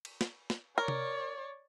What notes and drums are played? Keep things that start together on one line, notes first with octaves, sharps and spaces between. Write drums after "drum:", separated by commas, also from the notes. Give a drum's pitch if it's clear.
drum: cymbal
drum: snare
drum: snare
A#4 C#5 D5
drum: tom C3